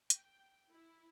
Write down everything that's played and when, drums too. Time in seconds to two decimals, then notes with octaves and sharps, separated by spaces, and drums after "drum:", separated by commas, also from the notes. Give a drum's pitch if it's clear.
0.10 G5, drum: hi-hat
0.71 E4